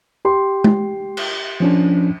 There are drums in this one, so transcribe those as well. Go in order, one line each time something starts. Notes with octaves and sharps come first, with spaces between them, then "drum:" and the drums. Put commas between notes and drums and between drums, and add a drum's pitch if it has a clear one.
G4 C6
drum: tom G#3
drum: cymbal
F3 C#4 D4